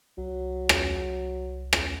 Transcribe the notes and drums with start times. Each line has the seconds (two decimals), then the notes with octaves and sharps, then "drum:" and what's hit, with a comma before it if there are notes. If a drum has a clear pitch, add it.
0.18 C2 F#3
0.69 drum: rim click
1.73 drum: rim click